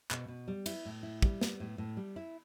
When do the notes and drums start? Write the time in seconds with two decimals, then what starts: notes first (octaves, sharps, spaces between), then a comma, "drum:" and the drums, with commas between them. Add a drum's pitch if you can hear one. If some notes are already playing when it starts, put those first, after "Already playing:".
0.11 B2, drum: clap
0.28 B2
0.48 G3
0.66 E4, drum: cymbal
0.85 A2
1.03 E4
1.22 G3, drum: kick
1.41 B3, drum: snare
1.60 A2
1.78 A2
1.97 G3
2.16 E4